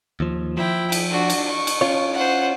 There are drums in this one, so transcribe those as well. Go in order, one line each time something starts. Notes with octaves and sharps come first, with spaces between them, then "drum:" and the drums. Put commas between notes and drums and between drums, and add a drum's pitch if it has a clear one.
D#2 F3
F3 E4 G5
drum: cymbal
D4 F#4
drum: cymbal
C#6
drum: cymbal
C#4 F4 C#5
C5 F#5